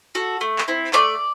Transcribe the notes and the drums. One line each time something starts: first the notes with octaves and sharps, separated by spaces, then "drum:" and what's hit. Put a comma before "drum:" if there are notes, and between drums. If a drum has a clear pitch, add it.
F#4 A4
A3
drum: clap
C4 E4
A3 D5, drum: clap